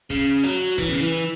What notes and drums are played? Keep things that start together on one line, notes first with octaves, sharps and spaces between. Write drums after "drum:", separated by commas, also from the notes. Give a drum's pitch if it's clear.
C#3, drum: kick
F#3, drum: hi-hat
E3, drum: kick, hi-hat
C#3
E3
drum: hi-hat